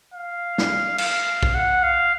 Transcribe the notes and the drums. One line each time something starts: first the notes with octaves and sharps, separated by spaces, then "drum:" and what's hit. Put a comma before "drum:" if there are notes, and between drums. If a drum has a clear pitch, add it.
F5
drum: snare
F5, drum: cymbal
drum: kick B1
F#5
F5